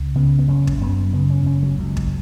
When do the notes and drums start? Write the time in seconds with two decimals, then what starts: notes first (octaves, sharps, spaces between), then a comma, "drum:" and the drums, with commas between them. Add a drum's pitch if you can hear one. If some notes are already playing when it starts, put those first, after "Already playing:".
Already playing: C#2
0.15 C#3 B3
0.39 B3
0.48 F#1 C#4
0.67 drum: kick
0.81 F#2 B3
1.13 C#3 B3
1.30 C#4
1.46 F#1 C#4
1.63 F#3
1.79 C#2
1.97 drum: kick